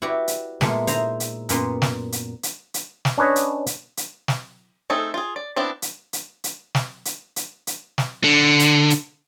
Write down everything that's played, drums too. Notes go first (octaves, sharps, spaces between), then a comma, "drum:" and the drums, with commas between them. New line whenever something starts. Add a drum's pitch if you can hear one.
E4 F#4 G4 B4 D5
drum: hi-hat
A#2 G#3 A3 B3, drum: snare
D#4 E4 C5 E5 A#5, drum: hi-hat
drum: hi-hat
F#2 A#2 B3 C6, drum: hi-hat
drum: snare
drum: hi-hat
drum: hi-hat
drum: hi-hat
drum: snare
C#4 D4 B4 C#5 D#5
drum: hi-hat
drum: hi-hat
drum: hi-hat
drum: snare
A3 C4 D#4 G#4 A4
F4 G#4
D5
B3 C4 D4 E4 D5
drum: hi-hat
drum: hi-hat
drum: hi-hat
drum: snare
drum: hi-hat
drum: hi-hat
drum: hi-hat
drum: snare
D3
drum: hi-hat
drum: hi-hat